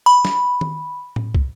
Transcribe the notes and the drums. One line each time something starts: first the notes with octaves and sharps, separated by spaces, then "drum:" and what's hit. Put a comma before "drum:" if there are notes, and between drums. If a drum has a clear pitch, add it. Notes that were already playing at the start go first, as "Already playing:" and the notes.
B5
drum: snare
drum: tom D#3
drum: tom A2
drum: kick